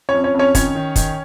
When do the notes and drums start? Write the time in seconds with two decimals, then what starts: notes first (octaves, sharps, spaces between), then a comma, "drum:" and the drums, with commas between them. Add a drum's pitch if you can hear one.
0.09 C#4 C#5
0.14 F2
0.24 C#4 C#5
0.34 F2
0.39 C#4 C#5
0.55 D#3 C#4 C#5, drum: kick, hi-hat
0.75 D#3
0.96 D#3, drum: kick, hi-hat